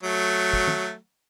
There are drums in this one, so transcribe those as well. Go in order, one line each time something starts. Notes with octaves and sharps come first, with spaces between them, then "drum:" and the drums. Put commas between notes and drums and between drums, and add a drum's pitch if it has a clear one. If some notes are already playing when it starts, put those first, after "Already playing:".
F#3 A3
drum: kick
drum: tom